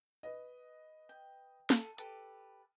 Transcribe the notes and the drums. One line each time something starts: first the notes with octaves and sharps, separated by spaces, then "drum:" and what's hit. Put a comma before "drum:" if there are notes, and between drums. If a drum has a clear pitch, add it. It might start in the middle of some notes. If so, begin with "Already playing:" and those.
B4 D#5
G5
A4 D#7, drum: snare
G4 A4 B4, drum: hi-hat